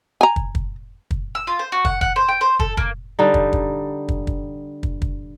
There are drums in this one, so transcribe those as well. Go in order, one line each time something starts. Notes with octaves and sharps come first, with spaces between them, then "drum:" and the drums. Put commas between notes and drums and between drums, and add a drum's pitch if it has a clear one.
G#5 A#5
drum: kick
drum: kick
drum: kick
E6
F4
C5
F#4
F#5, drum: kick
F#5, drum: kick
C5
G5
C5
A4, drum: kick
A#3, drum: kick
D3 G3 D#4
drum: kick
drum: kick
drum: kick
drum: kick
drum: kick
drum: kick